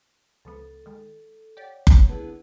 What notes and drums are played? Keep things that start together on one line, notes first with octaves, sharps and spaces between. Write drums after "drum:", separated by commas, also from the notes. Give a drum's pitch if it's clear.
C#2 F3 B3 A4
D#3 G#3
G4 C#5 D5 F#5
drum: kick F#1
D3 B3 E4 G#4 A5